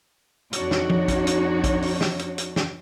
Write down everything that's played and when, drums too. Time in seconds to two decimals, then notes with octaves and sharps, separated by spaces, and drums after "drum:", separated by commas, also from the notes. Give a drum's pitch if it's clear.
0.53 F2 D4 D#4 F#4 C#5, drum: hi-hat
0.71 drum: snare
0.90 drum: tom F3
1.08 drum: kick, hi-hat
1.27 drum: hi-hat
1.64 drum: kick, hi-hat
1.82 drum: open hi-hat
2.01 drum: snare
2.19 drum: hi-hat
2.38 drum: hi-hat
2.56 drum: snare